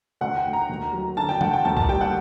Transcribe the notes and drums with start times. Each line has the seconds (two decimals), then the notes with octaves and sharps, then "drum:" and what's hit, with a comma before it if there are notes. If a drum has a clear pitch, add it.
0.21 D2 F#5
0.37 G5
0.45 D2
0.53 A#5
0.69 D#2
0.93 F#3
1.17 D3 A5
1.29 G5
1.41 D2 F#5, drum: tom D#3
1.53 G5
1.65 D#2 A5
1.77 A5, drum: kick B1
1.88 G3 G5
2.01 F#5